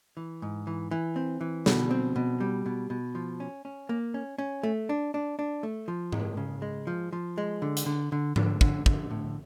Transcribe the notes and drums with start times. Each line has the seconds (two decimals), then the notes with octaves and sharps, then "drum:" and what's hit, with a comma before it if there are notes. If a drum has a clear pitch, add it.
0.17 E3
0.42 G#2
0.67 E3
0.91 E3
1.16 C4
1.41 E3
1.66 B2, drum: snare
1.91 C4
2.16 B2
2.40 G3
2.66 B2
2.90 B2
3.15 F3
3.40 C#4
3.65 C#4
3.89 A#3
4.14 C#4
4.38 C#4
4.63 A3
4.89 D4
5.14 D4
5.39 D4
5.63 A3
5.88 F3
6.12 G#3, drum: tom G#2
6.37 C#3
6.62 G#3
6.87 F3
7.13 F3
7.38 G#3
7.62 D3
7.77 drum: hi-hat
7.86 D3
8.12 D3
8.36 D3, drum: tom G#2
8.61 D3, drum: kick
8.86 D3, drum: kick
9.11 A2